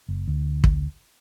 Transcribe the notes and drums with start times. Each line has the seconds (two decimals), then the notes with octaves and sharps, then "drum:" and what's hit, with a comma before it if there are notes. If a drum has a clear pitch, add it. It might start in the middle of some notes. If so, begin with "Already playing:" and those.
0.08 F#1
0.28 D2
0.64 drum: kick